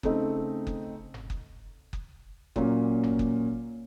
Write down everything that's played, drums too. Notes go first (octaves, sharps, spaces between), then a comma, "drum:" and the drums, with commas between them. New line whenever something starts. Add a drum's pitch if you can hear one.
C#3 A3 C4 D#4, drum: kick F#1
drum: kick F#1
drum: tom F#1
drum: kick F#1
drum: kick F#1
A#2 F#3 A#3 C#4, drum: kick F#1
drum: tom F#1
drum: kick F#1